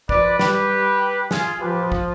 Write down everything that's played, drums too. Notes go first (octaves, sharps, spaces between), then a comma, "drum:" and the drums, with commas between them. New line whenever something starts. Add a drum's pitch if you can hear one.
F3 B4 D5, drum: kick
G3 G4 B4, drum: snare
F4 G#4, drum: snare
F3 G4 B4
drum: kick